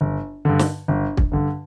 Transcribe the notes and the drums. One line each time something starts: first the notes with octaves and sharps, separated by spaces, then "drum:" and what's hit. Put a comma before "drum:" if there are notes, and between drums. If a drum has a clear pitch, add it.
G1
G2 D3
drum: snare
G1
drum: kick
G2 D3